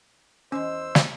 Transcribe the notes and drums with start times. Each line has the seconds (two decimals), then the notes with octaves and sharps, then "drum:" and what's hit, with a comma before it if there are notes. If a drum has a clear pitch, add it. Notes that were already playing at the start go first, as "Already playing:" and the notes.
0.52 E2 G#3 C#4 C5 E6
0.95 drum: snare